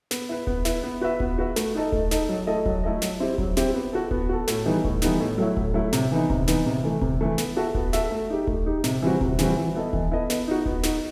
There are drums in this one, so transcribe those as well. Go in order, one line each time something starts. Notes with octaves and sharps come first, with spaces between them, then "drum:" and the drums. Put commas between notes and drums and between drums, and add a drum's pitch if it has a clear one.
B3, drum: snare
E4 B4
B3, drum: kick D#1
E4 B4, drum: snare
B3
F#4 B4 E5
B3, drum: kick D#1
F#4 B4 E5
A3, drum: snare
D#4 A4 D#5
A3, drum: kick D#1
D#4 A4 D#5, drum: snare
F#3
A3 E4 A4 D#5
F#3, drum: kick D#1
A3 E4 A4 D#5
F#3, drum: snare
C4 E4 G4
F#3, drum: kick D#1
C4 E4 G4, drum: snare
B3
F#4 A4
B3, drum: kick D#1
F#4 A4
A2, drum: snare
E3 G3 B3 D#4
A2, drum: kick D#1
E3 G3 B3 D#4, drum: snare
A2
F#3 A3 E4
A2, drum: kick D#1
F#3 A3 E4
C3, drum: snare
E3 B3 D#4
C3, drum: kick D#1
E3 B3 D#4, drum: snare
C3
E3 A3
C3, drum: kick D#1
E3 A3
B3, drum: snare
F#4 A4 E5
B3, drum: kick D#1
F#4 A4 E5, drum: snare
A3
D#4 G4
A3, drum: kick D#1
D#4 G4
C3, drum: snare
E3 G3 C4 F#4
C3, drum: kick D#1
E3 G3 C4 F#4, drum: snare
E3
B3 E4 A4 D#5
E3, drum: kick D#1
B3 E4 A4 D#5
B3, drum: snare
D#4 F#4
B3, drum: kick D#1
D#4 F#4, drum: snare